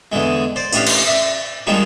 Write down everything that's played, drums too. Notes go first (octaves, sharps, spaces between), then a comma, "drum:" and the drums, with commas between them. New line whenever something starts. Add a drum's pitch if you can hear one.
E2 D3 G#3
C5 D5
A1 D4 D#4 G4 D5 F5, drum: tambourine
drum: cymbal
D5 E5
D#3 F3 G3 G#3 D4 D#4